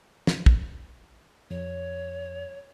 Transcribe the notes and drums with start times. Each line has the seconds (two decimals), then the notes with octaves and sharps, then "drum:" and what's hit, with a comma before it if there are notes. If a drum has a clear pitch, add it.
0.27 drum: snare
0.46 drum: kick
1.51 F2 C#5